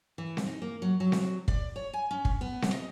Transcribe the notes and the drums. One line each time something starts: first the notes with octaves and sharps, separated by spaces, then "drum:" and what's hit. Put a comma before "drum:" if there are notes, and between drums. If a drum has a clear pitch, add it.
E3
drum: snare C4
D#4
A#3
F#3
F#3
drum: snare C4
D5, drum: kick
C#5
G#5
C#4
drum: kick
B3
drum: snare C4
D#5